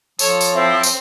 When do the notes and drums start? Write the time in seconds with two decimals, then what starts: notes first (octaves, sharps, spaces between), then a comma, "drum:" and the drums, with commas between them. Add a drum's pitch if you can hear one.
0.19 F3 A4 C#5, drum: tambourine
0.41 drum: tambourine
0.55 C4 E4 C5 A5
0.83 drum: tambourine